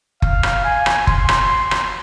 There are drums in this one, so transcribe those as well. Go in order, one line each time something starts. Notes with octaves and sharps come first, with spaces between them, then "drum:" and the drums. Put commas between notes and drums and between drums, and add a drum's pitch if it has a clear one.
F5, drum: kick F#1
drum: rim click
G#5
drum: rim click
C6, drum: kick F#1
drum: rim click
drum: rim click